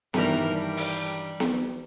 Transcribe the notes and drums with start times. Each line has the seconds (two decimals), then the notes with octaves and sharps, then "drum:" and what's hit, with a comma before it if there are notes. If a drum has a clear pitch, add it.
0.14 G2 D#3 E3 G3 A#4, drum: snare B3
0.52 G3
0.77 drum: open hi-hat
1.40 drum: snare B3